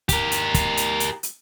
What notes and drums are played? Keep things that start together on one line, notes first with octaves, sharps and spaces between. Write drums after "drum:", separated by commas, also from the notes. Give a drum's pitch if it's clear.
G4 A#4, drum: kick, hi-hat
drum: hi-hat
drum: kick, hi-hat
drum: hi-hat
drum: hi-hat
drum: hi-hat